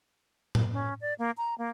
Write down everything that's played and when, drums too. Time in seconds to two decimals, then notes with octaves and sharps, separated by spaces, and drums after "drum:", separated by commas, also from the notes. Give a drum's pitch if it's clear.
0.55 drum: tom A2
0.72 C#4
1.01 D5
1.18 A#3
1.38 A#5
1.58 A#3